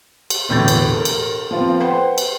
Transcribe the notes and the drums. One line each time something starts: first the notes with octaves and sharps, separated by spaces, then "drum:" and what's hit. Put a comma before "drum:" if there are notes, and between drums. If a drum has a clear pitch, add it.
drum: cymbal
E1 A2 D3 E3 G6 A6
drum: cymbal
A4 A#4
drum: cymbal
F3 B3 C4 F4
B4 C5 F#5 G5 B5
drum: cymbal